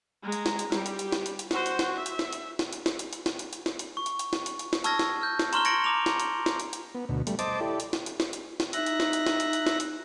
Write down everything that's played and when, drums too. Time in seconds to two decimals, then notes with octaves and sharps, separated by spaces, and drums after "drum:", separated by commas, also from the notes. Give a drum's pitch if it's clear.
0.23 G#3 A#5
0.32 drum: hi-hat
0.46 drum: snare
0.59 drum: hi-hat
0.72 G3 G4, drum: snare
0.86 drum: hi-hat
0.99 drum: hi-hat
1.12 drum: snare
1.26 drum: hi-hat
1.39 drum: hi-hat
1.51 F#4 C5, drum: snare
1.66 drum: hi-hat
1.79 drum: snare
1.96 E5
2.06 drum: hi-hat
2.19 drum: snare
2.33 drum: hi-hat
2.59 drum: snare
2.73 drum: hi-hat
2.86 drum: snare
2.99 drum: hi-hat
3.13 drum: hi-hat
3.26 drum: snare
3.39 drum: hi-hat
3.53 drum: hi-hat
3.66 drum: snare
3.79 drum: hi-hat
3.97 C#6
4.06 drum: hi-hat
4.19 drum: hi-hat
4.33 drum: snare
4.46 drum: hi-hat
4.59 drum: hi-hat
4.73 drum: snare
4.84 A5 C#6 E6 F6 G#6 A#6, drum: hi-hat
4.99 drum: snare
5.22 F6 G6
5.39 drum: snare
5.53 A#5 C6 C#6 F6 E7 G7, drum: hi-hat
5.65 C#6 G#6 A#6 C#7 D7 F#7, drum: hi-hat
5.84 A#5 D6 F7
6.06 drum: snare
6.20 drum: hi-hat
6.46 drum: snare
6.60 drum: hi-hat
6.73 drum: hi-hat
6.95 B3
7.09 D2 B2
7.27 G3 A3, drum: hi-hat
7.39 C5 D#5 A5 D6, drum: hi-hat
7.60 E4 G4 A4 D5
7.80 drum: hi-hat
7.93 drum: snare
8.06 drum: hi-hat
8.20 drum: snare
8.33 drum: hi-hat
8.60 drum: snare
8.73 D#4 E5 F#6 A#6, drum: hi-hat
8.86 drum: hi-hat
9.00 drum: snare
9.13 drum: hi-hat
9.26 drum: snare
9.40 drum: hi-hat
9.53 drum: hi-hat
9.67 drum: snare
9.80 drum: hi-hat